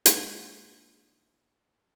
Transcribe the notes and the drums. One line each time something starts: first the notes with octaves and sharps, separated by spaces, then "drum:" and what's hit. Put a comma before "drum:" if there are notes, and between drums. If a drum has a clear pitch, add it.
G#3 A#3 D4 D#4 F4, drum: hi-hat